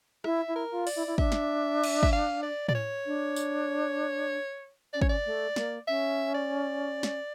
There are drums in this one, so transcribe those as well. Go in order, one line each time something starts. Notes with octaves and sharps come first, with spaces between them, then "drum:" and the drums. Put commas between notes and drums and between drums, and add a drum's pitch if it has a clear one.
E4 E5, drum: rim click
E4
A#4
F4
D5, drum: open hi-hat
E4
E4
D4 E5, drum: kick
drum: snare
drum: cymbal
E5, drum: kick
F5
D5
D5, drum: tom A2
C#5
D4
drum: tambourine
C#4 D5
C#5, drum: kick
D5
A3
A#3, drum: snare
C#4 E5
D5
drum: snare